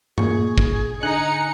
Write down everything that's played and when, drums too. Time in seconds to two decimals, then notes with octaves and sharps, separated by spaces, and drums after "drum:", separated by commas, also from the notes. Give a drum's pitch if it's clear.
0.18 A#2 G#4 C#6, drum: tom G2
0.58 drum: kick
1.03 D3 D#4 G#5 F#6 C#7